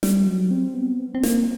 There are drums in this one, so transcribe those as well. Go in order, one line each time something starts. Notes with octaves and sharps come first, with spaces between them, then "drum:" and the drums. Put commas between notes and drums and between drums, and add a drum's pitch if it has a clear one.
G3, drum: snare
F#3
C4
B3
C4
B3
C4
A#3, drum: snare